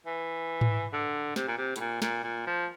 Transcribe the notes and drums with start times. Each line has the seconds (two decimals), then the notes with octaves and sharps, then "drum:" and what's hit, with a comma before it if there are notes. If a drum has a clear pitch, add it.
0.06 E3
0.61 drum: tom G#2
0.93 D3
1.36 C3, drum: snare
1.48 A#2
1.58 C3
1.76 A2, drum: hi-hat
1.80 A#2
2.02 A#2, drum: snare
2.24 A#2
2.46 F3